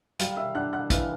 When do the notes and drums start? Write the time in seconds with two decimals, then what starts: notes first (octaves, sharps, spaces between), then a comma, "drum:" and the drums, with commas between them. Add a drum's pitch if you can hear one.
0.19 G3 F5 F6, drum: hi-hat
0.37 E5 E6
0.55 D4 F#5 F#6
0.73 F#5 F#6
0.90 E3 F5 F6, drum: kick, hi-hat